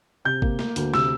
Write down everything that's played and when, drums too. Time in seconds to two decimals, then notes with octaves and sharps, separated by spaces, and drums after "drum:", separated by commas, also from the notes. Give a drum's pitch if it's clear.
0.25 C3 G6
0.42 A#3, drum: kick G#1
0.59 A#3, drum: snare
0.76 D2, drum: hi-hat
0.94 C3 E6, drum: snare